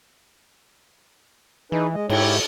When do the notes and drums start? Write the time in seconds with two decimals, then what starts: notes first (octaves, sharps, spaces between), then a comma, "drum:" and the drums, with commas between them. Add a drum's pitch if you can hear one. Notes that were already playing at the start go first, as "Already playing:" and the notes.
1.72 E3 D#4 G#4 B4
1.94 G#3 D#5
2.09 G#2 E4 G4 C#5, drum: cymbal